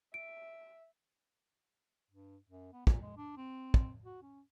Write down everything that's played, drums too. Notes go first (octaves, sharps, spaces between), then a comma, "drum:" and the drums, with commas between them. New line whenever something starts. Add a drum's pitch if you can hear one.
E5 D7
G2
F#2
B3
A#2, drum: kick
G#3
D4
C4
drum: kick
F#4
C#4